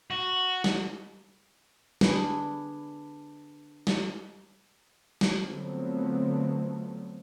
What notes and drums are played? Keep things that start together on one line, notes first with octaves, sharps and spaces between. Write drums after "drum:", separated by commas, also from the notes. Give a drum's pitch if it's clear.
F#4
drum: snare
D4 G#4 B4, drum: snare
drum: snare
drum: snare
D3 F3 F#3 A3 B3 C4